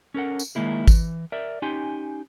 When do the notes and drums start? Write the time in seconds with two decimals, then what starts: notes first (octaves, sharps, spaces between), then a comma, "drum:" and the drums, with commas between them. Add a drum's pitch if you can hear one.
0.14 C#4 A4 A#4 F#5
0.39 drum: tambourine
0.55 D#3 E3 G#3 A#3 E4 G#4
0.88 E3, drum: kick G#1, tambourine
1.32 A#4 D5 E5
1.62 C#4 D#4 G4 G#5 C6